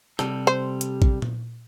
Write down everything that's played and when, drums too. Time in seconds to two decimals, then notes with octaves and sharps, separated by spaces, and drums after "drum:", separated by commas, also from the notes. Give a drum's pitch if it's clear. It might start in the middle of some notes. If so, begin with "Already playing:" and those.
0.19 C3 G3 A4, drum: rim click
0.47 C5
0.81 drum: hi-hat
1.02 drum: kick A1
1.22 drum: tom A#2